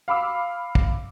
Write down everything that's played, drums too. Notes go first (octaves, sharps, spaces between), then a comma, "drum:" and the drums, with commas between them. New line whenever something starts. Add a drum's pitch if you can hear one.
F5 B5 D6 E6
drum: kick